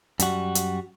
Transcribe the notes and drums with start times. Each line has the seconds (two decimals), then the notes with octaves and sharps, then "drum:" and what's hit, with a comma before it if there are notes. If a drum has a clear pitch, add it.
0.20 F#2 G3 F#4, drum: hi-hat
0.55 drum: hi-hat